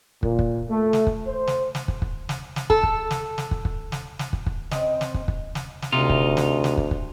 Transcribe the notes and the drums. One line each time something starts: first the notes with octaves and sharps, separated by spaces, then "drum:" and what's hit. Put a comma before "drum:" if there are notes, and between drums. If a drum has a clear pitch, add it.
A#2, drum: kick
drum: kick
A3
drum: snare
drum: kick
C5
drum: snare
drum: snare
drum: kick
drum: kick
drum: snare
drum: snare
A4, drum: kick
drum: kick
drum: snare
drum: snare
drum: kick
drum: kick
drum: snare
drum: snare
drum: kick
drum: kick
C#3 C4 D#5, drum: snare
drum: snare
drum: kick
drum: kick
drum: snare
drum: snare
D2 C3 D#4 F4
drum: kick
drum: snare
drum: snare
drum: kick
drum: kick